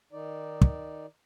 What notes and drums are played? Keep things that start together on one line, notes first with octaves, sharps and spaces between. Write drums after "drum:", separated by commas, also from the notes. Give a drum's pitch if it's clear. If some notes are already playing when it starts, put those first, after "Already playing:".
D#3 D#4 D5
drum: kick